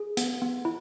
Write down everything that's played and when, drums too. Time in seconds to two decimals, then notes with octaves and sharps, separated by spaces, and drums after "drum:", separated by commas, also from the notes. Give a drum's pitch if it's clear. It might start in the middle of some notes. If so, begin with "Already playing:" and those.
Already playing: G#4
0.17 B3, drum: hi-hat
0.42 B3
0.65 E4